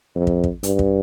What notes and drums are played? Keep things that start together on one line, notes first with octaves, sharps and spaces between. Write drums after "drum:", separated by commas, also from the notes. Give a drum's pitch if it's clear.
F2
drum: kick
drum: kick
G2, drum: hi-hat
drum: kick